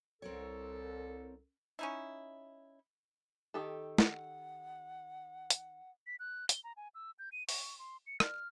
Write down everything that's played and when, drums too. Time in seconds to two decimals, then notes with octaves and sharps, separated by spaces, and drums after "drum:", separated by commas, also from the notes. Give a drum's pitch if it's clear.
0.22 C2 C4 A4 A#4 C#5
1.79 C#4 D#4 E4
3.54 D#3 G4 A4
3.98 F#5, drum: snare
5.50 drum: hi-hat
6.07 B6
6.20 F#6
6.49 G7, drum: hi-hat
6.64 A#5
6.77 G#5
6.95 E6
7.19 G6
7.32 D#7
7.49 C#6, drum: open hi-hat
7.79 C6
8.07 C#7
8.20 F6, drum: rim click